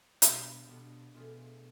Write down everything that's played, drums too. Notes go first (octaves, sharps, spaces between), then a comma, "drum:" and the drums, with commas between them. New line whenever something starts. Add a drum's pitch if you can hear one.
B2 G3 B3 D4 F4, drum: hi-hat
B2 G3 B3 D4 F4
B2 E3 A3 D4 F4 G#4